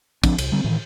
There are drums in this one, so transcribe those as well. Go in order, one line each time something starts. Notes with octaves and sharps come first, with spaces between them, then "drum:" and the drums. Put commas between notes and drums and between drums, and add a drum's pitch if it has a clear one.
F3 C4 D4, drum: kick, cymbal
C2, drum: cymbal
D3 G3 C4
A2 D#3 E3